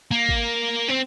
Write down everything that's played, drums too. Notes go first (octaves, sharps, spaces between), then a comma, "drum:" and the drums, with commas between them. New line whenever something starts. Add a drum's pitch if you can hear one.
A#3
drum: kick G#1
C4